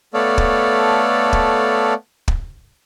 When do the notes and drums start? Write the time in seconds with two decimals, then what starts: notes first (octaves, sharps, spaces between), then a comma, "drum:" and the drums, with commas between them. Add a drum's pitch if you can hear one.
0.14 A3 B3 A4 C#5 D5 F5
0.38 drum: kick
1.33 drum: kick
2.28 drum: kick